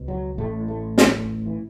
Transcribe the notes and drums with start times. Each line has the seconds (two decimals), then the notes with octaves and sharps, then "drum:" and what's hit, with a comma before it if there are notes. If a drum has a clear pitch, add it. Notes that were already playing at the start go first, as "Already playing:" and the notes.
Already playing: C#2 B2
0.08 F#3
0.38 A1 A2 A3
0.68 A3
0.98 drum: snare
1.46 E3